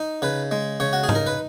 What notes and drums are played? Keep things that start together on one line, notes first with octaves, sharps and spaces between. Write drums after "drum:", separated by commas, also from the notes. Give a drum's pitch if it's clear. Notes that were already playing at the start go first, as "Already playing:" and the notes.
Already playing: D#4
C#3 B4
G#3
C#3 C#5
F#4
G#4
D#4, drum: tom G#2
A#4
B4